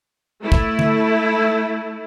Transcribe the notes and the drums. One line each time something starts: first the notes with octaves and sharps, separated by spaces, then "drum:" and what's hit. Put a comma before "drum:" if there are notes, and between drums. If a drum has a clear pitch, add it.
A3 E4
drum: kick
drum: tom D3